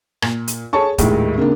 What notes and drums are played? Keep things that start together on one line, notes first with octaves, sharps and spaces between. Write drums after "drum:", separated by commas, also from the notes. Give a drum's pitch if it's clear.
A#2, drum: rim click
drum: hi-hat
G#4 A4 C#5 A5 C#6
A#1 D#2 A2 G#3, drum: kick, hi-hat
C#3 A#3 C4 D4